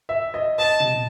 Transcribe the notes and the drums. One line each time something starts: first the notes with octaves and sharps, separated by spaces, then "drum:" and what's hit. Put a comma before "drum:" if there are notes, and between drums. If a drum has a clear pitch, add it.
E5
D#5
D#5 A5
drum: tom